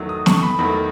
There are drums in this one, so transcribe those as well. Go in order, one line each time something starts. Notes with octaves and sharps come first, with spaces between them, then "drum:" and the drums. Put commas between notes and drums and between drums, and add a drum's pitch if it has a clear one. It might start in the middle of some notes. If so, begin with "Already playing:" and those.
Already playing: E2 D#3 F#3 A3
D#6
C#6, drum: snare
B5
E2 D#3 F#3 A3 B5